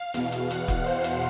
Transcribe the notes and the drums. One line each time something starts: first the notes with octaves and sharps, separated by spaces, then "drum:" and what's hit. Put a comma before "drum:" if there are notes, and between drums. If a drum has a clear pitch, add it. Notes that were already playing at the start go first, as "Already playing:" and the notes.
Already playing: F5
E2 B2, drum: hi-hat
drum: hi-hat
F#5, drum: hi-hat
drum: kick, hi-hat
C5
drum: hi-hat